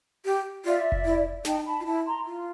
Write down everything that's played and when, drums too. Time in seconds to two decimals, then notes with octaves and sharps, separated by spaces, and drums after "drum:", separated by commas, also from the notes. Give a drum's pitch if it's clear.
0.25 G4
0.65 F4 D5 E5
0.92 drum: kick F1
1.05 E4
1.45 D#4 G5 A5, drum: snare
1.65 A5 B5
1.80 F4
1.85 E4 A5 B5
2.05 A#5 C6
2.25 F4